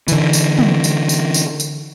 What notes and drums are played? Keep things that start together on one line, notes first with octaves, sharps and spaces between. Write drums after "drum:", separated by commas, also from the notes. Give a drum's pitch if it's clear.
D3 E3, drum: tambourine
drum: tambourine
drum: tom
drum: tambourine
drum: tambourine
drum: tambourine
drum: tambourine